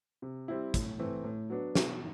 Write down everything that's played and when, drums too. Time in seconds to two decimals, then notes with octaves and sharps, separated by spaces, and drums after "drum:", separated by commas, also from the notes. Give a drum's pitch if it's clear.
0.22 C3
0.48 G3 C4 E4
0.74 A2, drum: kick, hi-hat
0.99 E3 A3 C4
1.24 A2
1.50 F#3 B3 D4
1.75 B2, drum: snare